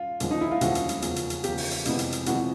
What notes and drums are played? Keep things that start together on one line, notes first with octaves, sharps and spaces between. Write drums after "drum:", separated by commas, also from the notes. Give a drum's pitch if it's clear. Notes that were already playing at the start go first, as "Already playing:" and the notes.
Already playing: F4
D#2 D3 F3 G#3, drum: hi-hat
D#4
E4
F4
D#2 D3 F3 G#3 F#4, drum: hi-hat
drum: hi-hat
drum: hi-hat
E2 C#3 F3 A#3, drum: hi-hat
drum: hi-hat
drum: hi-hat
E2 C#3 F3 A#3 G4, drum: hi-hat
drum: open hi-hat
drum: hi-hat
F2 C3 E3 G#3 B3, drum: hi-hat
drum: hi-hat
drum: hi-hat
F2 C3 E3 G#3 B3 F#4, drum: hi-hat